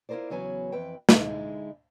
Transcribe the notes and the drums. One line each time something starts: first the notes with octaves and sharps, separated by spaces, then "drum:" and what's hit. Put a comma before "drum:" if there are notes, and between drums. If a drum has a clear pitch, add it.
E4 F4 G#4 A#4 C5 D5
E2 C#3 F#3 C#4 B4 G#5
F2 E3 B4 G5
D3 G#3 D#4 E4, drum: snare